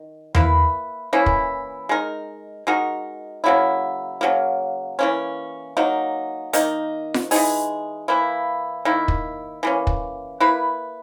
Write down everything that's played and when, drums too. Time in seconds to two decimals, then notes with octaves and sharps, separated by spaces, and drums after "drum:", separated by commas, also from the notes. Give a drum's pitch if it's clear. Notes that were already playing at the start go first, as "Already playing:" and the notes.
Already playing: D#3
0.35 A#3 E4 B4, drum: tom E2
1.13 E3 A#3 C#4 E4
1.26 drum: kick
1.89 G#3 D#4 A#4
2.67 G#3 D#4 F#4 A#4
3.44 C#3 F#3 A#3 E4
4.21 C#3 F#3 A#3
4.99 E3 A#3 C#4
5.77 F#3 A#3 D#4
6.53 D#3 A#3 D#4, drum: hi-hat
7.14 drum: snare F4
7.31 E3 G#3 D#4 G#4, drum: open hi-hat
8.08 E3 A#3 E4
8.85 D#3 A#3 E4
9.08 drum: kick
9.63 E3 A#3 C#4
9.87 drum: kick
10.40 A#3 E4 B4